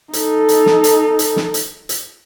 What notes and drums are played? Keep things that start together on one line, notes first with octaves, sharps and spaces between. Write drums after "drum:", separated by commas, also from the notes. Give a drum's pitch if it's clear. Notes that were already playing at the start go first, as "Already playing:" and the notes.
D#4 A4, drum: hi-hat
drum: hi-hat
drum: snare
drum: hi-hat
drum: hi-hat
drum: snare
drum: hi-hat
drum: hi-hat